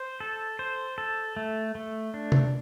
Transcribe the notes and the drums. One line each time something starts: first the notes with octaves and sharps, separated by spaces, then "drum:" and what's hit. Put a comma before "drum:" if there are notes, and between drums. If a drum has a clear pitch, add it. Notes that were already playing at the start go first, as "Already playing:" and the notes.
Already playing: C5
A4
C5
A4
A3
A3
D4
drum: tom C3